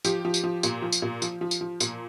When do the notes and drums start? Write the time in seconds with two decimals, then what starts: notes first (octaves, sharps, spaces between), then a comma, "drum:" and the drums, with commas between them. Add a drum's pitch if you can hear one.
0.05 F3 G4, drum: tambourine
0.25 F3
0.34 drum: tambourine
0.44 F3
0.63 A#2, drum: tambourine
0.82 F3
0.92 drum: tambourine
1.02 A#2
1.22 F3, drum: tambourine
1.41 F3
1.51 drum: tambourine
1.61 F3
1.80 A#2, drum: tambourine